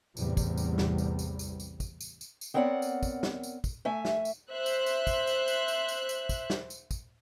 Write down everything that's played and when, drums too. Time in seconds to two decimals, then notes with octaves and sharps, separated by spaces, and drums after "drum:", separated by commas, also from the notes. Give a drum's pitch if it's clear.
0.17 A1 E2 C3 G3, drum: tambourine
0.37 drum: kick, tambourine
0.58 drum: tambourine
0.78 drum: snare
0.98 drum: tambourine
1.19 drum: tambourine
1.39 drum: tambourine
1.60 drum: tambourine
1.80 drum: kick, tambourine
2.00 drum: tambourine
2.21 drum: tambourine
2.41 drum: tambourine
2.54 B3 C4 A#4 C#5 D5 F#5
2.82 drum: tambourine
3.03 drum: kick, tambourine
3.23 drum: snare
3.43 drum: tambourine
3.64 drum: kick, tambourine
3.85 A3 E5 G#5
4.05 drum: snare
4.25 drum: tambourine
4.53 C5 E5 F#6
4.66 drum: tambourine
4.86 drum: tambourine
5.07 drum: kick, tambourine
5.27 drum: tambourine
5.48 drum: tambourine
5.68 drum: tambourine
5.89 drum: tambourine
6.09 drum: tambourine
6.29 drum: kick, tambourine
6.50 drum: snare
6.70 drum: tambourine
6.91 drum: kick, tambourine